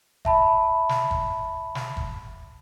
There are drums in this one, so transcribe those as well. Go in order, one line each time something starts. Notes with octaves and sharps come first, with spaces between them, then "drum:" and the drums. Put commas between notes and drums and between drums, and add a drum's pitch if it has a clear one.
E5 A5 B5, drum: kick F#1
drum: snare
drum: kick F#1
drum: snare
drum: kick F#1